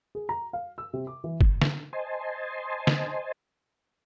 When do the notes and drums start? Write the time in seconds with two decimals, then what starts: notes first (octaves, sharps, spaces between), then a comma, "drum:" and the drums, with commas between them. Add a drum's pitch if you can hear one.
0.15 G#4
0.29 A#5
0.53 F5
0.78 E6
0.93 C3
1.07 D6
1.24 E3
1.41 drum: kick
1.62 drum: snare D3
1.93 C5 D#5 G#5 A5 C6
2.87 drum: snare D3